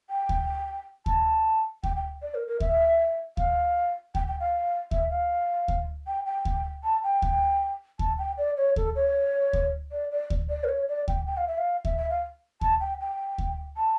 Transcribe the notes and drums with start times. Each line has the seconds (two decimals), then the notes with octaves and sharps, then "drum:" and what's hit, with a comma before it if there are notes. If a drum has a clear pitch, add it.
0.10 G5
0.29 drum: kick D2
1.06 A5, drum: kick D2
1.83 G5, drum: kick D2
1.96 G5
2.22 D5
2.34 A#4
2.48 A#4
2.60 E5, drum: kick D2
3.37 F5, drum: kick D2
4.15 G5, drum: kick D2
4.27 G5
4.40 F5
4.91 E5, drum: kick D2
5.10 F5
5.68 drum: kick D2
6.07 G5
6.26 G5
6.45 drum: kick D2
6.84 A5
7.03 G5
7.22 drum: kick D2
7.99 A5, drum: kick D2
8.18 G5
8.38 D5
8.57 C#5
8.76 A4, drum: kick D2
8.96 C#5
9.53 drum: kick D2
9.92 D5
10.12 D5
10.30 drum: kick D2
10.49 D5
10.64 A#4
10.68 C#5
10.88 D5
11.08 G5, drum: kick D2
11.26 G5
11.37 F5
11.47 E5
11.58 F5
11.85 E5, drum: kick D2
11.97 E5
12.10 F5
12.61 A5, drum: kick D2
12.81 G5
13.00 G5
13.38 drum: kick D2
13.77 A5